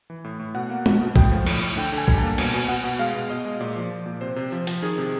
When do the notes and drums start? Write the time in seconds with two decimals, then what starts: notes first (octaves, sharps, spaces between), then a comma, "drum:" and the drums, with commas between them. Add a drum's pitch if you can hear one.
0.10 E3
0.24 A2
0.39 A2
0.54 B2 F#5
0.70 A#3
0.86 B2, drum: tom G#3
1.01 B2
1.16 A2 G5, drum: kick
1.32 F3
1.46 A2, drum: cymbal
1.62 A2
1.77 D3 G5
1.92 D3
1.98 G#5
2.08 G3, drum: kick
2.18 A5
2.23 A#3
2.38 B2 G#5, drum: cymbal
2.53 B2
2.68 B2 F#5
2.84 B2
2.99 G#3 F5
3.15 B2
3.30 B2 D#5
3.45 G#3
3.60 A#2 D5
3.76 F3
3.91 F3
4.06 A#2
4.21 C3 C5
4.36 C3
4.52 F3
4.67 F3, drum: hi-hat
4.82 D#3 G#4
4.98 C3